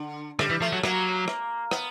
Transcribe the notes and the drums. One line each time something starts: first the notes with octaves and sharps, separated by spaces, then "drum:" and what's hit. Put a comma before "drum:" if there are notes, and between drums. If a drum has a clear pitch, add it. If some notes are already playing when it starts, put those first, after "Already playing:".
Already playing: D3
D3 G3, drum: rim click
E3
F3 A3
F#3
F#3 A#3, drum: rim click
drum: rim click
B3, drum: rim click